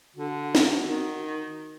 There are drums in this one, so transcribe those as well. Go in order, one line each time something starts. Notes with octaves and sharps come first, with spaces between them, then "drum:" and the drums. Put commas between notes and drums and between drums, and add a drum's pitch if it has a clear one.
D3 F#4
drum: snare
D#3